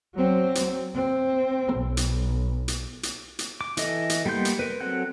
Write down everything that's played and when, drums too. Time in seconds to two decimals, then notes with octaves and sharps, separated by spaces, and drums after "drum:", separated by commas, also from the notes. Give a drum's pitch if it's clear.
0.15 F#3 C4
0.55 drum: hi-hat
0.95 C4
1.74 B1
1.97 drum: hi-hat
2.68 drum: hi-hat
3.03 drum: hi-hat
3.39 drum: hi-hat
3.61 D6
3.77 E3 A4 D#5, drum: hi-hat
4.10 drum: hi-hat
4.26 G3 A#3 B3 C6 G6
4.45 drum: hi-hat
4.59 A#4 B4
4.80 F#3 C4 A4 F#5 F#6